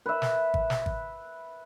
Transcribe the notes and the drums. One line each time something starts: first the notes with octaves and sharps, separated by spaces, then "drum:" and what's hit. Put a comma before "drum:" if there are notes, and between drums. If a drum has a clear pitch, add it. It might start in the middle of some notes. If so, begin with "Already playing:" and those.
B4 E5
drum: snare
drum: kick G#1
drum: snare
drum: kick G#1